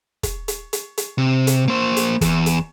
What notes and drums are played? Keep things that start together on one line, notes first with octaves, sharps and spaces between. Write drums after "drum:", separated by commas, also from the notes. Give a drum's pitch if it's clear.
drum: kick, hi-hat
drum: hi-hat
drum: hi-hat
drum: hi-hat
C3
drum: hi-hat
A#3 C5
drum: hi-hat
E2, drum: kick, hi-hat
drum: hi-hat